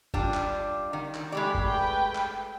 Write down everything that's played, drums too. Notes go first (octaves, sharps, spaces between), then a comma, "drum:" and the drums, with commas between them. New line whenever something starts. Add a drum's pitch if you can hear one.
G3 D4 F4, drum: kick F#1
drum: clap
D#3
drum: clap
G#3 A3 G4 D5 B5
drum: kick F#1
B4 G5
drum: clap